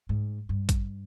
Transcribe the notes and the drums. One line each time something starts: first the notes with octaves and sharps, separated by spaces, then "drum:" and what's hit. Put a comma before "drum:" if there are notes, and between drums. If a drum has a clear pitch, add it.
G#2
G2
drum: kick A1, hi-hat